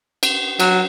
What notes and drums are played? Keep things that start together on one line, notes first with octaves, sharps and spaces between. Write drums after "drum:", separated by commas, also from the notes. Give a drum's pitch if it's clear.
drum: cymbal
F#3, drum: cymbal